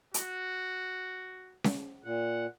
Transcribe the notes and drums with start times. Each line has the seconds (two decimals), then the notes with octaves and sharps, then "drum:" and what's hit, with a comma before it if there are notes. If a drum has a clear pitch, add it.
0.14 F#4, drum: hi-hat
1.64 drum: snare C#4
2.04 A#2 F#5